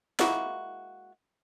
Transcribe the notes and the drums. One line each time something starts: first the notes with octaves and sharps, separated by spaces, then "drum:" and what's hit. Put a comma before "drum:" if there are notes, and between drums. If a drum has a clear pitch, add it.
G#3 A#3 E4 F#4, drum: snare